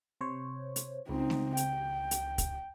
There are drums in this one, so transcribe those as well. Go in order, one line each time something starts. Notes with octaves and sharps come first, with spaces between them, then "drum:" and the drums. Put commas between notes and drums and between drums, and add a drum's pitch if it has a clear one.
C3 C5 C#5
drum: hi-hat
C#2 C4 D#4
drum: snare
G5, drum: hi-hat
drum: hi-hat
drum: kick, hi-hat